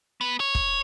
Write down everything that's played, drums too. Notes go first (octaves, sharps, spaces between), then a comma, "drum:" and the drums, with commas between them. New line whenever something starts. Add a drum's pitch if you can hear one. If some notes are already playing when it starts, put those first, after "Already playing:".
B3
C#5
drum: kick